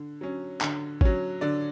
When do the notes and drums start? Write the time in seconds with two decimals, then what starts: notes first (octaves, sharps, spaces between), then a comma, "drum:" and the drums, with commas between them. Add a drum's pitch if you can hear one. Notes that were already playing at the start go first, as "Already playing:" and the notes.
Already playing: D3
0.21 F#3 C#4
0.61 D3, drum: clap
1.01 F#3 C#4, drum: kick G#1
1.41 D3 D5